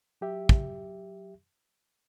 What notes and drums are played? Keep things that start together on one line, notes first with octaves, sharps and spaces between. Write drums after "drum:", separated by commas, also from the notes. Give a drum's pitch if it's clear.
F#3 G4 E5
drum: kick